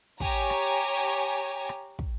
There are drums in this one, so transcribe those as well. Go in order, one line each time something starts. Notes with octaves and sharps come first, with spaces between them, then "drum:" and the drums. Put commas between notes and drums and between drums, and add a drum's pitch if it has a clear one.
G4 C#5 G#5 A#5, drum: kick
drum: rim click
drum: rim click
drum: kick